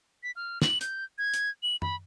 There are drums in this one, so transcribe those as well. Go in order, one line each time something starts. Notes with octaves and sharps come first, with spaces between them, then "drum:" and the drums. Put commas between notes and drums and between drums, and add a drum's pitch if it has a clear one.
B6
F6
F#7, drum: snare
G6, drum: hi-hat
G#6
drum: hi-hat
F#7
B5, drum: tom F#2